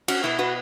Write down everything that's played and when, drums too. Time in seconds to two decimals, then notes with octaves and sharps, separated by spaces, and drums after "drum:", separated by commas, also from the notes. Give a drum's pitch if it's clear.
0.08 C#4 F#4, drum: cymbal
0.23 B2 B3 E4
0.39 F#4 B4